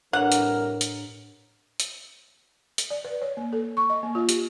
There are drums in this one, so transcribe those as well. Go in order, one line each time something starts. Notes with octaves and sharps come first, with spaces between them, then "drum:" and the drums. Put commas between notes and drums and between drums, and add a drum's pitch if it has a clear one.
C2 A2 E3 D4 A#4 C#5 F#5
drum: hi-hat
drum: hi-hat
drum: hi-hat
drum: hi-hat
D5
B4
C#5
A#3
A4
C#6
D#5
A#3
F4
G4, drum: hi-hat